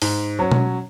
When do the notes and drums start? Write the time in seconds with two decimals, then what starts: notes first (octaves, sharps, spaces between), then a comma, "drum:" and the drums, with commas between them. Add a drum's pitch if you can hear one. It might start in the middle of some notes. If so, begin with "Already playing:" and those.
0.02 G#2, drum: open hi-hat
0.39 F#3 C#4
0.52 drum: tom B2